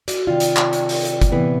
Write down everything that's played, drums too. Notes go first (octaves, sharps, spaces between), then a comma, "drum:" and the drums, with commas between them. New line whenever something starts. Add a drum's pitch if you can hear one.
F#4 D5, drum: hi-hat
C3 D#3 F4 D5 G5
drum: hi-hat
drum: clap
drum: hi-hat
drum: open hi-hat
drum: hi-hat
drum: kick, hi-hat
C3 E3 B3